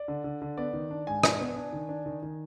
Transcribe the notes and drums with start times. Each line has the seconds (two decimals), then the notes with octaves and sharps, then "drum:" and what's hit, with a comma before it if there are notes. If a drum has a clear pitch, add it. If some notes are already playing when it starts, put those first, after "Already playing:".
Already playing: D5
0.08 D3
0.24 D3
0.42 D3
0.57 B3 D5
0.73 D#3
0.91 D4
1.07 G#2 G#5
1.23 D4, drum: rim click
1.40 B3
1.56 D4
1.73 D#3
1.89 D4
2.06 D#3
2.23 D#3